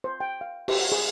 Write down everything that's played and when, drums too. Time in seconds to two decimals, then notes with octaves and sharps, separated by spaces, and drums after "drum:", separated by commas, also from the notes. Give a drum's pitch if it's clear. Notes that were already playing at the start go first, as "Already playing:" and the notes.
0.04 C5
0.20 G5
0.41 F5
0.68 G4, drum: cymbal
0.80 F#5
0.92 G#4